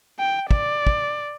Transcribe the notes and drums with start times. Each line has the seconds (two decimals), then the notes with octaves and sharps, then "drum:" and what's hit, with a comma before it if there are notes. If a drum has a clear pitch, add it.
0.19 G5
0.51 D5, drum: kick
0.87 drum: kick